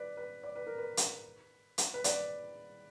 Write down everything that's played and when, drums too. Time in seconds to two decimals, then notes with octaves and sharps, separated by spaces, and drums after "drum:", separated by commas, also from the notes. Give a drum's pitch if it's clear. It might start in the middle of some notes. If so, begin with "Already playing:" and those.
Already playing: B4 D5
0.17 B4
0.43 D5
0.56 B4
0.66 A#4
0.78 B4
0.97 drum: hi-hat
1.78 drum: hi-hat
1.94 B4
2.04 D5, drum: hi-hat